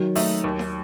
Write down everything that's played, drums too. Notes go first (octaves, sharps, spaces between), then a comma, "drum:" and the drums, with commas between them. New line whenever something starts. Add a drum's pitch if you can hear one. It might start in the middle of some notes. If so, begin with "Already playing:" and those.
Already playing: D#3 F#3
A3 D#4, drum: open hi-hat
D#2
drum: snare D#4